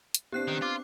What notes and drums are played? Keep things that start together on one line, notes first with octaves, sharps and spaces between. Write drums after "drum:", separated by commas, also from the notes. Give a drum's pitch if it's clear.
drum: hi-hat
B3 C4 D4 G4 F#6 C7
D#3
F4 D6